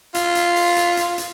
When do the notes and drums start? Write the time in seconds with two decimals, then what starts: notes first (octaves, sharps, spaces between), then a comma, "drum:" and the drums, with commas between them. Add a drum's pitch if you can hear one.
0.14 F4, drum: hi-hat
0.35 drum: hi-hat
0.56 drum: open hi-hat
0.76 drum: hi-hat
0.97 drum: hi-hat
1.18 drum: hi-hat